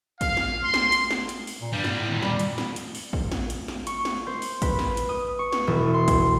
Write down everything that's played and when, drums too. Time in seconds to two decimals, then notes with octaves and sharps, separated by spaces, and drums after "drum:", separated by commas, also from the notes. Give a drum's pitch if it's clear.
0.21 F5, drum: kick, hi-hat
0.37 drum: snare
0.64 C6
0.74 drum: snare
0.92 drum: hi-hat
1.11 drum: snare
1.29 drum: hi-hat
1.47 drum: open hi-hat
1.61 A#2
1.73 G2 G3 B3
1.84 drum: snare
1.94 A2
2.09 D#2 A#2
2.22 G3, drum: snare
2.39 drum: hi-hat
2.58 drum: snare
2.76 drum: hi-hat
2.95 drum: open hi-hat
3.13 drum: kick
3.32 drum: snare
3.50 drum: hi-hat
3.68 drum: snare
3.87 C#6, drum: hi-hat
4.05 drum: snare
4.27 C5
4.42 drum: open hi-hat
4.62 B4, drum: kick, hi-hat
4.79 drum: snare
4.97 drum: hi-hat
5.09 D#6
5.39 C#6
5.52 drum: snare
5.67 E1
5.94 C6
6.08 drum: kick, hi-hat